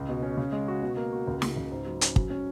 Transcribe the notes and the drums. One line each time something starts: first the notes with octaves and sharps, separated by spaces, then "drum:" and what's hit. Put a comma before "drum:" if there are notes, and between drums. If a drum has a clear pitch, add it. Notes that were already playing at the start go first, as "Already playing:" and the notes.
Already playing: C#2
B2
C#4
C#3
G#3
F#4
B2
A#3
F#4
C#2
C#3, drum: snare
C#2
G#2
F#3
C#4, drum: hi-hat
F#3, drum: kick
C#4